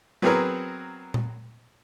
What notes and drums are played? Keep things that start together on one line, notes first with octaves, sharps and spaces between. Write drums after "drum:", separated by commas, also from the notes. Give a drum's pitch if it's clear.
F#3 B3 C4 G#4 A#4 B4
drum: tom A#2